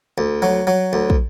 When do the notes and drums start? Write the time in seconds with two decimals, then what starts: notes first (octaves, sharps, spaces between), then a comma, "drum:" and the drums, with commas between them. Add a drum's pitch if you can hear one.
0.18 D2
0.42 F#3
0.67 F#3
0.93 D2
1.10 drum: kick